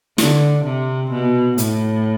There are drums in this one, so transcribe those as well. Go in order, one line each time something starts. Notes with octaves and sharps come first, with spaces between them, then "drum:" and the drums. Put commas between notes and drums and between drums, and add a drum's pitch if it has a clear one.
D3, drum: snare
C3
B2
A2, drum: hi-hat